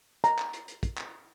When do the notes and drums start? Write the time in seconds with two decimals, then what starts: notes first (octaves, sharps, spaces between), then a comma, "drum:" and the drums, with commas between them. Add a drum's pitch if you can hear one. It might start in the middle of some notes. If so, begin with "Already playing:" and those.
0.24 A#5, drum: hi-hat
0.39 drum: clap
0.53 drum: hi-hat
0.68 drum: hi-hat
0.83 drum: kick, hi-hat
0.98 drum: clap